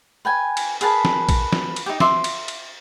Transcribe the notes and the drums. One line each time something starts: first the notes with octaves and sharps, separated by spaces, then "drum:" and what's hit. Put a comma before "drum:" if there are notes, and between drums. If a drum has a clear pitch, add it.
B4 G5 G#5
drum: cymbal
G#4 A#4 B4 A5, drum: cymbal
drum: snare
drum: kick, cymbal
drum: snare
drum: cymbal
D#4 G4
E5 C6 D6, drum: snare
drum: cymbal
drum: cymbal